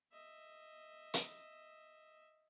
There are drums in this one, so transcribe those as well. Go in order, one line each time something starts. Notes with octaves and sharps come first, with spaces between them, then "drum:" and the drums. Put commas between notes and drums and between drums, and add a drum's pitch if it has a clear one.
D#5 E5
drum: hi-hat